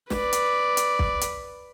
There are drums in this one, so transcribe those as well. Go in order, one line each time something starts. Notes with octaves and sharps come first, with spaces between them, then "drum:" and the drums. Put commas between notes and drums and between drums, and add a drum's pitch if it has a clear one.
B4 D5, drum: snare
drum: hi-hat
drum: hi-hat
drum: kick
drum: hi-hat